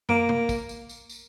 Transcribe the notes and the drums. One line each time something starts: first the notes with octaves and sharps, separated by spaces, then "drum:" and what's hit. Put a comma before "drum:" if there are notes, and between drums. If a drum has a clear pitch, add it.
A#3, drum: tom
drum: tom
drum: kick, tambourine
drum: tambourine
drum: tambourine
drum: tambourine